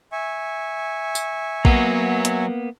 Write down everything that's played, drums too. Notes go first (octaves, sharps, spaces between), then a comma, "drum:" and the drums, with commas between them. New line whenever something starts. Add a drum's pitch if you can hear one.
E5 G#5 C#6
drum: tambourine
F#3 A#3 B3 F#5 A#5, drum: kick A#1
drum: hi-hat